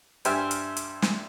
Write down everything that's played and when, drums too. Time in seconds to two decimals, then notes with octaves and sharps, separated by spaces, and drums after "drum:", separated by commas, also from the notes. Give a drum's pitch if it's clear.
0.25 G2 G4 C5 E5 G#5 F6, drum: hi-hat
0.51 drum: hi-hat
0.77 drum: hi-hat
1.02 drum: snare